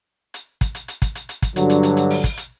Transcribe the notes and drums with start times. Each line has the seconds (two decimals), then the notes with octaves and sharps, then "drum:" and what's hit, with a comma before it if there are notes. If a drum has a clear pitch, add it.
0.34 drum: hi-hat
0.61 drum: kick, hi-hat
0.75 drum: hi-hat
0.88 drum: hi-hat
1.02 drum: kick, hi-hat
1.15 drum: hi-hat
1.29 drum: hi-hat
1.42 drum: kick, hi-hat
1.56 G2 D3 F#3, drum: hi-hat
1.70 drum: hi-hat
1.83 drum: hi-hat
1.97 drum: hi-hat
2.10 drum: open hi-hat
2.24 drum: kick, hi-hat
2.37 drum: hi-hat